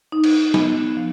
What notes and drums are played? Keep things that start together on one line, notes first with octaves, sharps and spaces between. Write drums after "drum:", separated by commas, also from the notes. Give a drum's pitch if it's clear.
D#4
drum: cymbal
B3, drum: snare
F3